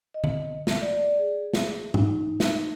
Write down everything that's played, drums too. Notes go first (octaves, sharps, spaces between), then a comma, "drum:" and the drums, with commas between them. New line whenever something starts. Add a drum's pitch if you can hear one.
D#5
drum: tom D3
drum: snare
D5
G#4
drum: snare
D#4, drum: tom G#2
drum: snare